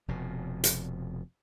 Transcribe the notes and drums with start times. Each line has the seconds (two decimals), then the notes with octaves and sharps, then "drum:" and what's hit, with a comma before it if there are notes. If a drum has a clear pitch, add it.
0.08 F1 F2 B2
0.64 drum: hi-hat